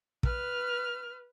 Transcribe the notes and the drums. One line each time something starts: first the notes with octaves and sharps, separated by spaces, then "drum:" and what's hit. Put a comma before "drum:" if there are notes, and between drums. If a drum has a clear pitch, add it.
B4 F6, drum: kick